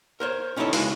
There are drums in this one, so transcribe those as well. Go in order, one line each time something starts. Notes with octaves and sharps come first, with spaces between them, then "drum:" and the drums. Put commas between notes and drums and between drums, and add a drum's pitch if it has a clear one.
A#4 C5 C#5
C#4 D#4 E4 F#4 A4 C#5
C#3 G#3 E4 F#4, drum: open hi-hat